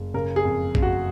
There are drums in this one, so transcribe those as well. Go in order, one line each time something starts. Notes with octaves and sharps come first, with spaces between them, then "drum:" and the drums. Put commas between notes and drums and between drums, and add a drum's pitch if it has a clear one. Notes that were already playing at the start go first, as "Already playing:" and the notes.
Already playing: F#1
C#3 A#4
G#4
F2
F#1, drum: kick A#1
F#4